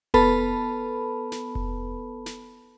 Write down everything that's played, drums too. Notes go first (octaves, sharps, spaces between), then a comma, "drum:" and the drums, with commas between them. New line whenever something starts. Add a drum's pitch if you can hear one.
B3 A4 B4 A5 B5, drum: kick F1
drum: snare
drum: kick F1
drum: snare